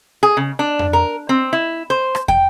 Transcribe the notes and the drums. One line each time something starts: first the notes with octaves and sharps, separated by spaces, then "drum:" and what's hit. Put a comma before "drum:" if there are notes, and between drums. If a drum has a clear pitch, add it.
G#4
C#3
D4
drum: tom F2
A#4
C4
E4
C5
drum: rim click
G5, drum: kick